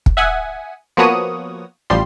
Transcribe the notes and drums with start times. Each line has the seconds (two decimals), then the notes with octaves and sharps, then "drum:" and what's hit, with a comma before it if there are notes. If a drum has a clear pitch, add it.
0.06 drum: kick
0.17 E5 F#5 G#5 D#6
0.97 F3 A#3 B3 F#4 C#5 D#6
1.90 A1 F3 G3 C6